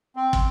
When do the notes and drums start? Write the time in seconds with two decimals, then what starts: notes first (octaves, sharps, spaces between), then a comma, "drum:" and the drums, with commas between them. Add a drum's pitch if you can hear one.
0.16 C4
0.33 drum: kick